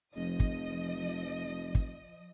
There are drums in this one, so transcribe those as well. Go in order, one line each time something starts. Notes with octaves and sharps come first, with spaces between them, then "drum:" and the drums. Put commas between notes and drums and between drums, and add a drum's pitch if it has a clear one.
F1 F3 D#5 D#6
drum: kick
drum: kick